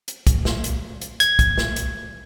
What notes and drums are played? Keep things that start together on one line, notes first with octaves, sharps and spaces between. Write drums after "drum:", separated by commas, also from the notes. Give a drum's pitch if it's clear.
drum: hi-hat
drum: kick, hi-hat
drum: snare
drum: hi-hat
drum: hi-hat
G#6, drum: hi-hat
drum: kick, hi-hat
drum: snare
drum: hi-hat